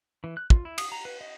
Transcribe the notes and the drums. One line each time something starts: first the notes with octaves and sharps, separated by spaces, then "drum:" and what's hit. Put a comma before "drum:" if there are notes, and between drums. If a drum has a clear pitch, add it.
E3
F#6
F4, drum: kick
E4
D#6, drum: cymbal
A#5
B4
D#5